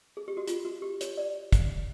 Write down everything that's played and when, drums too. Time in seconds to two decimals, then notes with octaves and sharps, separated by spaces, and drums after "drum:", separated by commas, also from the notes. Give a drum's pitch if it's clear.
0.17 G#4
0.28 G4
0.37 F#4
0.48 F4, drum: hi-hat
0.65 F#4
0.82 G4
1.01 C#5, drum: hi-hat
1.17 D5
1.52 drum: kick, hi-hat